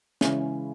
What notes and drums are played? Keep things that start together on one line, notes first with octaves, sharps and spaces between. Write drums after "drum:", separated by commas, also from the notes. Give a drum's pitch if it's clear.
C#3 E3 G#3 C#4 E4, drum: snare